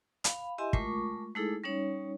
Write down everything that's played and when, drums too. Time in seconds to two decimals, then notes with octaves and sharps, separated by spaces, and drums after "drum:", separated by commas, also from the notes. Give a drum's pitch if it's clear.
0.24 F5 B5, drum: hi-hat
0.58 E4 G4 D#5 E5 G#5 C6
0.73 G#3 A3 F4 A#4 C#6 D6, drum: kick
1.35 G#3 A3 D#4 E4 G#4 A4
1.64 G3 C#4 D#4 C#5